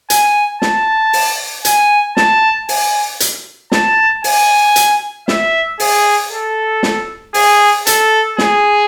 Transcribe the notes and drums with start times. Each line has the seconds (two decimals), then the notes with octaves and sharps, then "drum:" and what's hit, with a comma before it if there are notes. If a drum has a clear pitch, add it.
0.10 G#5, drum: hi-hat
0.62 A5, drum: snare
1.13 drum: open hi-hat
1.65 G#5, drum: hi-hat
2.17 A5, drum: snare
2.69 G#5, drum: open hi-hat
3.20 drum: hi-hat
3.72 A5, drum: snare
4.24 G#5, drum: open hi-hat
4.76 drum: hi-hat
5.28 E5, drum: snare
5.80 G#4, drum: open hi-hat
6.31 A4
6.83 drum: snare
7.34 G#4, drum: open hi-hat
7.87 A4, drum: hi-hat
8.38 G#4, drum: snare